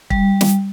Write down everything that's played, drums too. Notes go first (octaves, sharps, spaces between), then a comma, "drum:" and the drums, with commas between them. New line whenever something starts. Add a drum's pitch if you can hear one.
G3, drum: kick
drum: snare